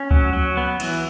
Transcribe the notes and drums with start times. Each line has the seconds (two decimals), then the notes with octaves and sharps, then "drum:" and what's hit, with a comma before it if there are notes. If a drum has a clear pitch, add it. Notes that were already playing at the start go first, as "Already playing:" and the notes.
Already playing: C#4
0.11 F#3, drum: kick C#2
0.33 F#3
0.57 B3
0.80 E3, drum: cymbal